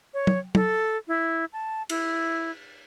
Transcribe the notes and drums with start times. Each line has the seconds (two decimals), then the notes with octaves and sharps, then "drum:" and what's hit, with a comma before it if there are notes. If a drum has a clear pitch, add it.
0.14 C#5
0.27 drum: tom
0.55 A4, drum: tom
1.08 E4
1.53 A5
1.89 E4, drum: cymbal